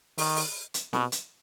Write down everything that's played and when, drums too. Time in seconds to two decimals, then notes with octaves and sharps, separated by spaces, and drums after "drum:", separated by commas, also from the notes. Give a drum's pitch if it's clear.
0.18 D#3, drum: open hi-hat
0.36 drum: open hi-hat
0.74 drum: hi-hat
0.93 B2, drum: snare
1.12 drum: hi-hat